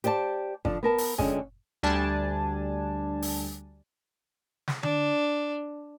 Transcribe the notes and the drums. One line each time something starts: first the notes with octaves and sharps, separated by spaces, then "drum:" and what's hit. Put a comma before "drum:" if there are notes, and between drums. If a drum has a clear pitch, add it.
G4 C5 D5 E5 A5, drum: hi-hat
D3 F3 D4, drum: kick
B3 A#4 A5
drum: open hi-hat
F2 D3 G#3 C#4 G#4, drum: kick
D2 G3 D4 G#5 A5
drum: open hi-hat
drum: snare
D4, drum: tom D3